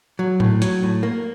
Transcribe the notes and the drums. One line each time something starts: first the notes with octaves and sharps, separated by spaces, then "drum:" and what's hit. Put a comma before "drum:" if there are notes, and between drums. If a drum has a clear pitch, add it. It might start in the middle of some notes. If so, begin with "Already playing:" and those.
F#3
A2, drum: tom A2
F#3, drum: hi-hat
A2
A#3